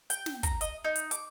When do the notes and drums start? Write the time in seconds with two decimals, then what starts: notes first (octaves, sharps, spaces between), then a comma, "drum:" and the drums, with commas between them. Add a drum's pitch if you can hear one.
0.10 G5, drum: hi-hat
0.26 drum: snare
0.43 A#5, drum: kick, hi-hat
0.61 D#5, drum: hi-hat
0.84 D#4
0.96 drum: hi-hat
1.11 D6, drum: hi-hat